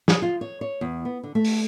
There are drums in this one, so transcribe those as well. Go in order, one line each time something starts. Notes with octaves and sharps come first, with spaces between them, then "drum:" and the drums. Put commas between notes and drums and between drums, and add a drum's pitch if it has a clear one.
G#4, drum: snare
F4
C#5
C#5
E2
B3
D3
A3
drum: open hi-hat